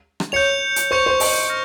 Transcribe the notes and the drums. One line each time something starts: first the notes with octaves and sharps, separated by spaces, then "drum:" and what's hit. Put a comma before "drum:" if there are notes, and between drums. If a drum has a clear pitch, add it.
drum: rim click
C#5 G6 C#7 F7
drum: hi-hat
C5 C#6 G6 C#7 F7
C5
D#5, drum: open hi-hat
F6 A#6